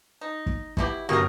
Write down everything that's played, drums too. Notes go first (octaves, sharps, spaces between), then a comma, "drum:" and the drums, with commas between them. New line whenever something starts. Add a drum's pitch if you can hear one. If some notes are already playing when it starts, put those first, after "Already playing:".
D#4
drum: kick
B2 E4 G4, drum: kick
G1 F#2 B2 A#3 G4 A#4 C#6 D#6